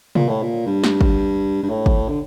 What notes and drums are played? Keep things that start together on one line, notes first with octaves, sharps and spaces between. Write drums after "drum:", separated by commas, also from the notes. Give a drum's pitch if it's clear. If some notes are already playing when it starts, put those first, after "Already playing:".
A#2, drum: tom C3
A2
A#2
G2
drum: snare
drum: kick
G2
A2
drum: kick
D3